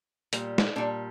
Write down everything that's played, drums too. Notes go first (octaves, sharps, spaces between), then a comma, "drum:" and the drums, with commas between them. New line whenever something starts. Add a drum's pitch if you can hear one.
A#2 G3, drum: hi-hat
drum: snare
A#2 G3 D4